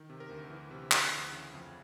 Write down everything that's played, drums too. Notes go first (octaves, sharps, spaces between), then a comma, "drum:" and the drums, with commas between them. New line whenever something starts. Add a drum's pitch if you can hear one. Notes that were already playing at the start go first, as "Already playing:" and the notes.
Already playing: D#3
C3
A#4
D2
E3
C3
D2, drum: clap
E3
C#3
F2